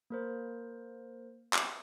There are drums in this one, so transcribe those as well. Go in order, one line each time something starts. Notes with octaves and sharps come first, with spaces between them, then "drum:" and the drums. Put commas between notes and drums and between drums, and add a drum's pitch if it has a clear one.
A#3 A#4 C5
drum: clap